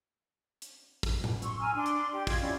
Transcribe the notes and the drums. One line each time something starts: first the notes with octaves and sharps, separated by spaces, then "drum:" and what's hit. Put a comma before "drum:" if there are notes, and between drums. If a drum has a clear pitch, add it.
drum: hi-hat
drum: kick, open hi-hat
drum: tom A2
C6 C#6 E6, drum: hi-hat
G#5 A#5 E6 F6
D4 C6 D6
drum: hi-hat
G4 C6
F4 D#5 G#6, drum: kick, open hi-hat
C#4 E4 G4 D5